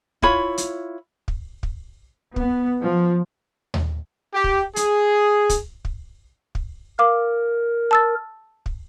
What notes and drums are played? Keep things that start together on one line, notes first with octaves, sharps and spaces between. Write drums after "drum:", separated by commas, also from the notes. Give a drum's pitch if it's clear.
E4 F4 C#5 B5, drum: kick
drum: hi-hat
drum: kick
drum: kick
B3, drum: kick
F3
drum: tom D#2
G4
drum: kick
G#4, drum: hi-hat
drum: kick, hi-hat
drum: kick
drum: kick
A#4 F5 D6
A5 E6 A6
drum: kick